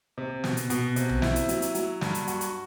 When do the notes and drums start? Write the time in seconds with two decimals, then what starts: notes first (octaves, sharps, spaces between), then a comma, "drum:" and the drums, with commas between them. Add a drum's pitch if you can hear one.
0.18 C3
0.44 B2, drum: snare
0.57 drum: hi-hat
0.70 B2, drum: hi-hat
0.96 C3, drum: hi-hat
1.09 drum: tom B1
1.22 E4, drum: snare
1.36 drum: hi-hat
1.49 F#3, drum: hi-hat
1.62 drum: hi-hat
1.75 F#3, drum: hi-hat
2.01 G2, drum: snare
2.15 drum: hi-hat
2.27 F#4, drum: hi-hat
2.41 drum: hi-hat